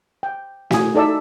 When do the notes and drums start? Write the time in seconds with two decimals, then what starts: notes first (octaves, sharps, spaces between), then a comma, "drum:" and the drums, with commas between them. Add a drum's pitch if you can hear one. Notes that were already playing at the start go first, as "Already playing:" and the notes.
0.23 G5
0.71 E4 F#4 G#5 D#6, drum: snare
0.95 D#4 A4 D5 E5 E6